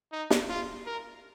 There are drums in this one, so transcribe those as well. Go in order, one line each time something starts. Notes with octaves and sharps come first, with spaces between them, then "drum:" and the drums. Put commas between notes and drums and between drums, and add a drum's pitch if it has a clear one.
D#4
drum: snare
F4
A#4